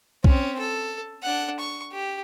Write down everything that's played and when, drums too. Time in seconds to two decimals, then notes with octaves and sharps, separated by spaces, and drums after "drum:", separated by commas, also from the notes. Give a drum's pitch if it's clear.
0.24 C4 C#4, drum: kick
0.59 A4
1.23 D4 F#5
1.59 C#6
1.92 G4